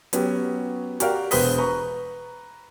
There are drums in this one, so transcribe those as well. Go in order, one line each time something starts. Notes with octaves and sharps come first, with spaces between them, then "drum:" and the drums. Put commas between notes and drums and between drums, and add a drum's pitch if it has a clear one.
F#3 B3 C#4 G4, drum: hi-hat
F#4 G4 A#4 D5 F5, drum: hi-hat
E1 B3 B4 C5 D#6 B6, drum: open hi-hat
B4 A#5 C#6